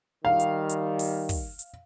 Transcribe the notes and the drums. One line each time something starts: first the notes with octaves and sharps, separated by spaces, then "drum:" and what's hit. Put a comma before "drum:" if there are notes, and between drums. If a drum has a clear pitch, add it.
D#3 G3 F5
drum: hi-hat
drum: hi-hat
drum: open hi-hat
drum: kick, open hi-hat
drum: hi-hat